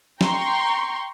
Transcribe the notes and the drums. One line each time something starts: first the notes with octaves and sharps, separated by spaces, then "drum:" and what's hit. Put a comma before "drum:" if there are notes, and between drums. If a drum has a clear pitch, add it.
G5 A#5 C6 C#6, drum: snare